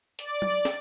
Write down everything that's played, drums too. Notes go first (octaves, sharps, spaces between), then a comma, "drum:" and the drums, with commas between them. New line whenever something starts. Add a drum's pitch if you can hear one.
D5, drum: hi-hat
drum: tom F#3
drum: snare